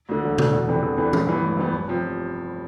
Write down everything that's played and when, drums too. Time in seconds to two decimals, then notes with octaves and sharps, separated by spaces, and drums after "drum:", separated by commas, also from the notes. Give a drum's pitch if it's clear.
0.09 D2 D3
0.24 E1
0.38 D2 D3, drum: tom C3
0.53 E2
0.68 C3 E3 A3 D4
0.83 E2
0.97 C3 E3 A3 D4
1.13 A1, drum: tom
1.27 G2 E3 B3
1.42 A1
1.57 G2 E3 B3
1.73 F1
1.88 C3 F3